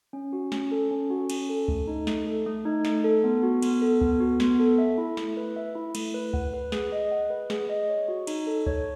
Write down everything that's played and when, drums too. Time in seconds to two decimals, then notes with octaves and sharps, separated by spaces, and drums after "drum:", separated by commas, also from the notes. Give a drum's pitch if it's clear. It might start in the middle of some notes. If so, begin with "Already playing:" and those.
0.13 C#4
0.33 F#4
0.52 C#4, drum: snare
0.71 A4
0.91 C#4
1.10 F#4
1.30 C#4, drum: cymbal
1.49 A4
1.68 A3, drum: kick C#2
1.87 D#4
2.07 A3, drum: snare
2.27 A4
2.46 A3
2.66 D#4
2.85 A3, drum: snare
3.04 A4
3.24 B3
3.43 F#4
3.63 B3, drum: cymbal
3.82 A4
4.01 B3, drum: kick C#2
4.20 F#4
4.40 B3, drum: snare
4.59 A4
4.78 E5
4.98 E4
5.17 A3, drum: snare
5.37 B4
5.56 E5
5.75 E4
5.95 A3, drum: cymbal
6.14 B4
6.34 F#5, drum: kick C#2
6.54 B4
6.72 G#4, drum: snare
6.92 D#5
7.11 F#5
7.30 B4
7.50 G#4, drum: snare
7.69 D#5
7.89 C#5
8.08 F#4
8.27 D#4, drum: cymbal
8.47 A4
8.66 C#5, drum: kick C#2